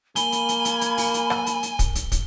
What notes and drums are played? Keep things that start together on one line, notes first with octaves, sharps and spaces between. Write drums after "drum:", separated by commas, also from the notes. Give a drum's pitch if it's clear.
A#3 G#5 B5 G7, drum: hi-hat
drum: hi-hat
drum: hi-hat
drum: hi-hat
drum: hi-hat
drum: open hi-hat
drum: hi-hat
drum: rim click
drum: hi-hat
drum: hi-hat
drum: kick, hi-hat
drum: hi-hat
drum: kick, hi-hat